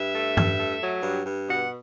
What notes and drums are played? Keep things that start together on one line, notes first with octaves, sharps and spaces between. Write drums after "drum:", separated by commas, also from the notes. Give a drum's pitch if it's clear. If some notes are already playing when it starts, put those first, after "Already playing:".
Already playing: G2 E5
A3
G2, drum: tom G2
A3
F#3
G2
G2
B2 F#5